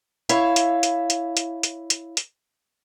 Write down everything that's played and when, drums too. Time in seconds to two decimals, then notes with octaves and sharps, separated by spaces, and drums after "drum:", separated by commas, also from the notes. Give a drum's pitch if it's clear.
0.29 E4 C#5 E5 F5, drum: hi-hat
0.56 drum: hi-hat
0.83 drum: hi-hat
1.10 drum: hi-hat
1.37 drum: hi-hat
1.63 drum: hi-hat
1.90 drum: hi-hat
2.17 drum: hi-hat